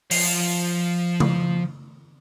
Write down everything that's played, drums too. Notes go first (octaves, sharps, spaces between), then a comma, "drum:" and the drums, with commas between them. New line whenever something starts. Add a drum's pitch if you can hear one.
F3 F5, drum: open hi-hat
drum: tom C#3